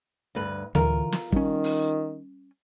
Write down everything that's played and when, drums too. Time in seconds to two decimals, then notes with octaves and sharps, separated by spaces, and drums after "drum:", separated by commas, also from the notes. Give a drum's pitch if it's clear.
0.35 D2 G2 B4
0.75 D3 E3 F4 A#4, drum: tom D2
1.12 drum: snare
1.32 D#3 G3 C#4, drum: kick
1.64 drum: open hi-hat